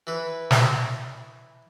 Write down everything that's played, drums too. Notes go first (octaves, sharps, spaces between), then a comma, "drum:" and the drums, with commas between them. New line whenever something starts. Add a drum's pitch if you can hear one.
E3 B4
drum: snare